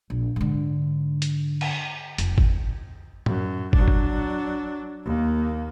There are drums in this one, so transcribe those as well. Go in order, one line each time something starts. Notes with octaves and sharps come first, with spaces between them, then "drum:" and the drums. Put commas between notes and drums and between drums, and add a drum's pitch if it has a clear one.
A#1
G#2 D3
drum: hi-hat
drum: cymbal
F1, drum: hi-hat
drum: kick
F#2, drum: tom
F#3 D4, drum: kick
drum: kick
D#2 A#3